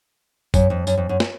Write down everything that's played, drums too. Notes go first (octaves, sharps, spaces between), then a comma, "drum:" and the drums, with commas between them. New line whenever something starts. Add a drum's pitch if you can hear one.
F#2, drum: kick, tambourine
F2
F#2, drum: tambourine
F2
F#2
drum: snare